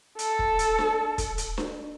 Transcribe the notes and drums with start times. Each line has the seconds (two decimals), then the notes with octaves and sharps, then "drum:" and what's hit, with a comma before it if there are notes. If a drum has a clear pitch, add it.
0.19 A4, drum: hi-hat
0.39 drum: kick
0.59 drum: hi-hat
0.79 drum: snare D4
1.18 drum: kick, hi-hat
1.38 drum: hi-hat
1.58 drum: snare D4